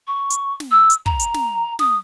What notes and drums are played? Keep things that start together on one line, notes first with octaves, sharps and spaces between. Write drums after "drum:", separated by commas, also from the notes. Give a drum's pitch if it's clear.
C#6
drum: hi-hat
drum: snare
E6
drum: hi-hat
A#5, drum: kick
drum: hi-hat
drum: snare
D#6, drum: snare